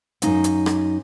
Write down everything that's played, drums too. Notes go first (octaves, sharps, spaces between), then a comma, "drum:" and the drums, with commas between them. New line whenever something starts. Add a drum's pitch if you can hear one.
F#2 D#3 D#4 F5, drum: hi-hat
drum: hi-hat
drum: rim click